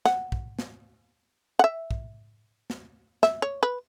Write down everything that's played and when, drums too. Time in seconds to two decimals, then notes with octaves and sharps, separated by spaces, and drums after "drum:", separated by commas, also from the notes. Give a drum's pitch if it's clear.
0.05 F#5, drum: snare
0.32 drum: kick
0.59 drum: snare
1.59 F#5
1.64 E5
1.91 drum: kick
2.70 drum: snare
3.23 E5, drum: snare
3.42 C#5
3.63 B4